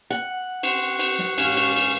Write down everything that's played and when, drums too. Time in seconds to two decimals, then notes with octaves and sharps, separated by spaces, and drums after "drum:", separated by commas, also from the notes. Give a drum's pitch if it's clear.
0.10 F#5
0.63 C4 C#6 F#6, drum: cymbal
0.99 drum: cymbal
1.19 drum: snare
1.38 G#2 C#4 G4 F5, drum: cymbal
1.57 drum: cymbal
1.76 drum: cymbal